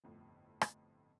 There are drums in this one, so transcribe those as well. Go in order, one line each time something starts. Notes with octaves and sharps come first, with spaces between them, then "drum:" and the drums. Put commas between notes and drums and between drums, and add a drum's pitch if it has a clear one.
G1 F2 A2
drum: rim click